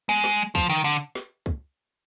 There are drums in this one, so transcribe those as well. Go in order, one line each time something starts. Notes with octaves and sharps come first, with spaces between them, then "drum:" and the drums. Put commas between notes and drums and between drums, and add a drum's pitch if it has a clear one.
G#3
drum: snare
F3, drum: kick
D#3
D3
drum: snare
drum: kick